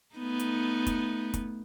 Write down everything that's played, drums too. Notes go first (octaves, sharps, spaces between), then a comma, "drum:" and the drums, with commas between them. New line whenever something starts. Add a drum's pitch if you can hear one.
A3 B3 D#4
drum: hi-hat
drum: kick, hi-hat
drum: kick, hi-hat